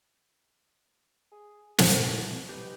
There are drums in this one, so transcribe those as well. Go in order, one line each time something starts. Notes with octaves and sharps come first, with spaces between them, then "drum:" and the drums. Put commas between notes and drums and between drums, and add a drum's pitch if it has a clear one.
G#4
E3 G#5, drum: snare
D#4 G4 B4